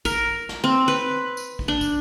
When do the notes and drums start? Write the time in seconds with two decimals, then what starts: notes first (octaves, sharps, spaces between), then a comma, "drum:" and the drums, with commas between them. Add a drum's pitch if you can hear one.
0.05 A#4, drum: kick, tambourine
0.49 drum: snare
0.64 C4
0.88 B4
1.37 drum: tambourine
1.59 drum: kick
1.68 D4
1.81 drum: kick, tambourine